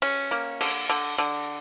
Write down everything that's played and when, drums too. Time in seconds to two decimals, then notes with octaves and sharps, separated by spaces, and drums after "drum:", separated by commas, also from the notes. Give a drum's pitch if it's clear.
0.02 C#4, drum: cymbal
0.31 A#3
0.61 D3, drum: cymbal
0.89 D3
1.18 D3